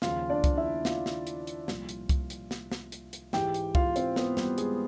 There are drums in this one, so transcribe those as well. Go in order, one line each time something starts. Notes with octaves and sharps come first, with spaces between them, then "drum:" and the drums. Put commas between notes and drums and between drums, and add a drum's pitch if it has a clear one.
D#2 C#3 F3 F4 F5, drum: snare
D4 D5
drum: kick C2, hi-hat
E4 E5
F4 F5, drum: snare
drum: snare
drum: hi-hat
drum: hi-hat
C2 A#2 F3, drum: snare
drum: hi-hat
drum: kick C2, hi-hat
drum: hi-hat
drum: snare
drum: snare
drum: hi-hat
drum: hi-hat
G#2 E3 G#3 G4 G5, drum: snare
drum: hi-hat
F4 F5, drum: kick C2
C4 C5, drum: hi-hat
B3 B4, drum: snare
G3 G4, drum: snare
G#3 G#4, drum: hi-hat